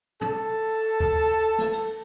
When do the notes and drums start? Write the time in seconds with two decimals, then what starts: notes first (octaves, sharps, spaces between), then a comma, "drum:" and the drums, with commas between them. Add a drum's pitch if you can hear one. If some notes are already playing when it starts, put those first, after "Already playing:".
0.21 A4, drum: tom
1.00 drum: kick D2
1.58 drum: snare
1.73 drum: cymbal